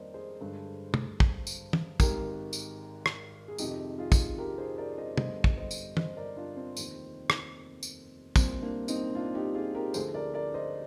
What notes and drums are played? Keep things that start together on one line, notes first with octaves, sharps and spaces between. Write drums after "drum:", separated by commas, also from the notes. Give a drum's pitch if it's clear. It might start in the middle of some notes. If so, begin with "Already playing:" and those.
Already playing: F2 D#3 G3 A#3 A#4 C5 D5 D#5
G#4 C5
G2 D3 G#3
drum: tom
drum: kick
drum: tambourine
drum: tom
G#1 G#2 D#3 G4 A#4, drum: kick, tambourine
drum: tambourine
drum: rim click
G#4
F2 C3 D#3 D#4 G4, drum: tambourine
F4 G#4
drum: kick, tambourine
G4 A#4
G#4 C5
A#4 D5
C5 D#5
G1 G2 D3 G3 C5 D#5, drum: tom
drum: kick
C5 D#5
drum: tambourine
C5 D#5, drum: tom
A#4 D5
D4 F4
C4
F1 D#2 D#3, drum: tambourine
drum: rim click
drum: tambourine
C2 A#2 G3 C4, drum: kick, tambourine
A#3 D4
C4 D#4, drum: tambourine
D4 F4
D#4 G4
F4 G#4
G4 A#4
D2 D3 F3 G#4 C5, drum: tambourine
A#4 D5
A#4 D5
C5 D#5